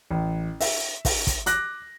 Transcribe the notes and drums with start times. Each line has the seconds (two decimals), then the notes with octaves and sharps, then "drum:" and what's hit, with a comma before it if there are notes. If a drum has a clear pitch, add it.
0.11 A1
0.60 E5, drum: open hi-hat
1.05 drum: kick, open hi-hat
1.27 drum: kick, hi-hat
1.46 D6 F#6 A#6, drum: hi-hat